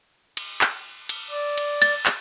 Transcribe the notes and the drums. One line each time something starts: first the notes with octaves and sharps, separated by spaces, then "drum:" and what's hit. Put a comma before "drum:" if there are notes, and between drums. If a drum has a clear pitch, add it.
drum: cymbal
drum: clap
drum: cymbal
D5
drum: cymbal
A6, drum: cymbal
drum: clap